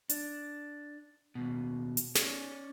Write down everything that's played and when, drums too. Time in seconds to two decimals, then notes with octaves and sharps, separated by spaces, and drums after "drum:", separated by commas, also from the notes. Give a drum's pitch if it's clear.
0.09 D4, drum: hi-hat
1.35 D#2 B2
1.97 drum: hi-hat
2.15 C#4 C#5 D5, drum: snare